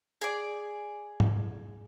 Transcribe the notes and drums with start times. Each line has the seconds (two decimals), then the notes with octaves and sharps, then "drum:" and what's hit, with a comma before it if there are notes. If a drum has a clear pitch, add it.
0.21 G#4 D5
1.20 drum: tom G#2